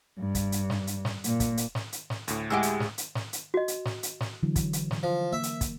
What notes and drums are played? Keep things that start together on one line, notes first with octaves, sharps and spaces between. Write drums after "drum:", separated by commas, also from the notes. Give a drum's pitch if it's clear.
G2
drum: kick, hi-hat
drum: hi-hat
drum: snare
drum: hi-hat
drum: snare
A#2, drum: hi-hat
drum: kick, hi-hat
drum: hi-hat
drum: snare
drum: hi-hat
drum: snare
D2 A2, drum: hi-hat
G#3 E4 G4 F#5 G#5 E6
drum: hi-hat
drum: snare
drum: hi-hat
drum: snare
drum: hi-hat
F#4 D#5
drum: hi-hat
drum: snare
drum: hi-hat
drum: snare
D3 E3 F#3
drum: kick, hi-hat
drum: hi-hat
drum: snare
F3
A#3 E5
drum: hi-hat
drum: kick, hi-hat